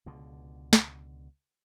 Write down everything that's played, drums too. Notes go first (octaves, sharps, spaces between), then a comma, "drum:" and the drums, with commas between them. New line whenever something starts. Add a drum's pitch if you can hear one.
C#2 B2 D3
drum: snare